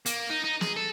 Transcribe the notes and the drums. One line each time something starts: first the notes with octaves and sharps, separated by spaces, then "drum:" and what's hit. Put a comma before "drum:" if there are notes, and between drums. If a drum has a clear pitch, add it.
A#3, drum: hi-hat
D#4
D#4
G#4, drum: snare
A4